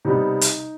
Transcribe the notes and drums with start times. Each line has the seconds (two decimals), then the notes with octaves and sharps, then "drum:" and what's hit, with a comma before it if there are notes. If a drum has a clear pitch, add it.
0.05 C3 G3 B3 D#4
0.41 drum: hi-hat